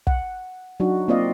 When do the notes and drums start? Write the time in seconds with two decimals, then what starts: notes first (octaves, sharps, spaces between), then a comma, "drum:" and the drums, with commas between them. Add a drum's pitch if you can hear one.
0.07 F#5, drum: kick
0.80 F#3 D4 D#4 F#4
1.08 A#3 C4 F4 D5 D#5 F5